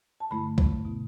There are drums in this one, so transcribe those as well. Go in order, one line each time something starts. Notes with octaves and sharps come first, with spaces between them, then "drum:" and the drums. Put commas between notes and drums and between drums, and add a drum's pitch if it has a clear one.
A5
G2 D3 A3 E4 B5
drum: kick
B2 B3 E4